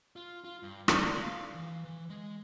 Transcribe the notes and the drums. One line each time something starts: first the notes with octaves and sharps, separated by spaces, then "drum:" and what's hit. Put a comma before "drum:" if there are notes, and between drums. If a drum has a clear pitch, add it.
F4
F4
G2
D5, drum: rim click
F5
E3
E3
G#3